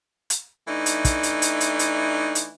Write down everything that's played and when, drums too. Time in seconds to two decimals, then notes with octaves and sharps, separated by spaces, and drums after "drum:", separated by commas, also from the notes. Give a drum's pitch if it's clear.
0.30 drum: hi-hat
0.67 E3 A3 D4 D#4
0.86 drum: hi-hat
1.05 drum: kick, hi-hat
1.23 drum: hi-hat
1.42 drum: hi-hat
1.61 drum: hi-hat
1.79 drum: hi-hat
2.35 drum: hi-hat